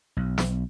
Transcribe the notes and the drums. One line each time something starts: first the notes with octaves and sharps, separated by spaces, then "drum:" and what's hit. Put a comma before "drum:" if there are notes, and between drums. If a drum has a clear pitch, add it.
B1
drum: snare